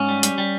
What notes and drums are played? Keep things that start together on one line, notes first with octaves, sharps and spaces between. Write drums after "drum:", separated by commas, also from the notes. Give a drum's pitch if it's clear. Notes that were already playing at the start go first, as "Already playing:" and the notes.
Already playing: G#2 C#4
G3
G3, drum: hi-hat
G3